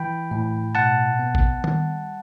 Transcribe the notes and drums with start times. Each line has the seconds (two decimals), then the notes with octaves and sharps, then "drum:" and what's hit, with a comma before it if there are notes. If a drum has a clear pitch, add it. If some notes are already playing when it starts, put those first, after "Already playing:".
Already playing: E3 G5 B5
0.31 A2
0.75 B2 F#5 A5
1.19 B3
1.35 drum: kick G#1
1.64 G3, drum: tom D#3